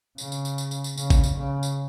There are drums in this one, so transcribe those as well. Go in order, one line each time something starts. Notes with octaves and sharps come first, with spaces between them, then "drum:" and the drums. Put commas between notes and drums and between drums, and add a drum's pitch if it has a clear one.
C#3, drum: tambourine
drum: tambourine
drum: tambourine
drum: tambourine
drum: tambourine
drum: tambourine
C#3, drum: tambourine
drum: kick A1, tambourine
drum: tambourine
C#3
drum: tambourine